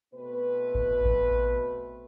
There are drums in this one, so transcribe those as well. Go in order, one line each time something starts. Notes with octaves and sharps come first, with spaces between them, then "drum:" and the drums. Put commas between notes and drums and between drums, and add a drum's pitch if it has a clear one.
B2 A3 C4 B4
drum: kick A1
drum: kick A1